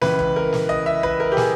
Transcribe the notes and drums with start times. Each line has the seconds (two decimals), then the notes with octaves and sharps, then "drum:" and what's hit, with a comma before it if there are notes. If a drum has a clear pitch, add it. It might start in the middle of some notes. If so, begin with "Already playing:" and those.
0.02 C#2 C#3 E3 B4, drum: snare
0.19 drum: kick
0.36 A#4
0.53 drum: snare
0.69 D#5, drum: kick
0.86 E5
1.03 B4, drum: kick
1.20 A#4
1.32 G4
1.37 G#4, drum: snare